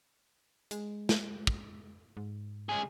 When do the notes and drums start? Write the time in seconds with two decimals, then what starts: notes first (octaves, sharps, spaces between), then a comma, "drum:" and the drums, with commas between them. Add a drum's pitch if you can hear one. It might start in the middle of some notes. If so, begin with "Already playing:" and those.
0.71 G#3, drum: hi-hat
1.09 drum: snare
1.47 drum: kick
2.17 G#2
2.69 C#2 G#4